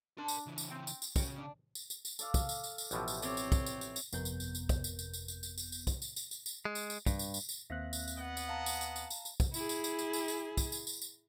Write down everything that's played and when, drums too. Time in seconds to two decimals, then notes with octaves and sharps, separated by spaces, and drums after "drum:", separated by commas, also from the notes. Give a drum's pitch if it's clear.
0.18 D4 A#4 C6
0.28 drum: tambourine
0.46 C#3 E3
0.58 drum: tambourine
0.70 C4 G5
0.87 drum: tambourine
1.02 drum: tambourine
1.16 C#3 C#4 F#4 C#5 G5, drum: kick, tambourine
1.38 D4
1.75 drum: tambourine
1.90 drum: tambourine
2.05 drum: tambourine
2.19 A4 D5 F5, drum: tambourine
2.34 drum: kick, tambourine
2.49 drum: tambourine
2.64 drum: tambourine
2.78 drum: tambourine
2.91 A1 B2 F3 G4 E5, drum: tambourine
3.08 drum: tambourine
3.22 C4 C#5 D5, drum: tambourine
3.37 drum: tambourine
3.52 drum: kick, tambourine
3.66 drum: tambourine
3.81 drum: tambourine
3.96 drum: tambourine
4.12 G1 F2 C3 B3 A#4 G6, drum: tambourine
4.25 drum: tambourine
4.40 drum: tambourine
4.55 drum: tambourine
4.69 drum: kick, tambourine
4.84 drum: tambourine
4.99 drum: tambourine
5.13 drum: tambourine
5.28 drum: tambourine
5.43 drum: tambourine
5.58 drum: tambourine
5.72 drum: tambourine
5.87 drum: kick, tambourine
6.02 drum: tambourine
6.16 drum: tambourine
6.31 drum: tambourine
6.46 drum: tambourine
6.65 G#3
6.75 drum: tambourine
6.90 drum: tambourine
7.06 G2, drum: kick, tambourine
7.19 drum: tambourine
7.34 drum: tambourine
7.49 drum: tambourine
7.70 D#2 A#3 C4 E5 F#6 A#6
7.93 drum: tambourine
8.07 drum: tambourine
8.18 B3 D#5 F#5
8.37 drum: tambourine
8.48 F5 A5 A#5
8.66 drum: tambourine
8.81 drum: tambourine
8.96 drum: tambourine
9.10 drum: tambourine
9.25 drum: tambourine
9.40 drum: kick, tambourine
9.54 E4 G#4, drum: tambourine
9.69 drum: tambourine
9.84 drum: tambourine
9.99 drum: tambourine
10.13 drum: tambourine
10.28 drum: tambourine
10.57 drum: kick, tambourine
10.72 drum: tambourine
10.87 drum: tambourine
11.02 drum: tambourine